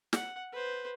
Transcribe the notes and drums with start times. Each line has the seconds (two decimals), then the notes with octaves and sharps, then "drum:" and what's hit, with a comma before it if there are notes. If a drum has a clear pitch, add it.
0.13 F#5, drum: snare
0.52 B4 C5